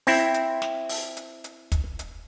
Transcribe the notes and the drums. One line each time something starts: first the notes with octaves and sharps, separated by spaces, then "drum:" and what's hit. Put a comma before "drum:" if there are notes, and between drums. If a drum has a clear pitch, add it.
C4 E4, drum: open hi-hat
drum: hi-hat
drum: snare
drum: open hi-hat
drum: hi-hat
drum: hi-hat
drum: kick, hi-hat
drum: hi-hat